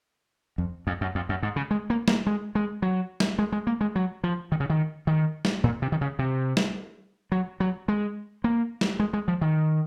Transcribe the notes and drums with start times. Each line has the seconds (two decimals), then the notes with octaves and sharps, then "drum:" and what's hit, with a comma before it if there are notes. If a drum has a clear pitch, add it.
0.58 F2
0.87 F2
1.01 F#2
1.15 F2
1.29 F#2
1.43 G#2
1.56 C#3
1.71 G#3
1.90 A#3
2.08 A#3, drum: snare G3
2.27 G#3
2.55 G#3
2.82 F#3
3.20 drum: snare G3
3.39 G#3
3.52 G#3
3.67 A#3
3.81 G#3
3.96 F#3
4.24 F3
4.52 D#3
4.60 C#3
4.70 D#3
5.07 D#3
5.45 drum: snare G3
5.64 A#2
5.82 C3
5.92 D#3
6.01 C#3
6.19 C3
6.57 drum: snare G3
7.32 F#3
7.60 F#3
7.88 G#3
8.44 A#3
8.81 drum: snare G3
9.00 G#3
9.13 G#3
9.28 F3
9.41 D#3